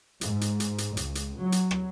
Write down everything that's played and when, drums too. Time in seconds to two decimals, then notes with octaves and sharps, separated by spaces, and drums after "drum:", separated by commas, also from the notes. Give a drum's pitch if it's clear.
0.21 G#2, drum: hi-hat
0.41 drum: hi-hat
0.60 drum: hi-hat
0.78 drum: hi-hat
0.97 C#2, drum: hi-hat
1.15 drum: hi-hat
1.40 F#3
1.52 drum: hi-hat
1.71 drum: rim click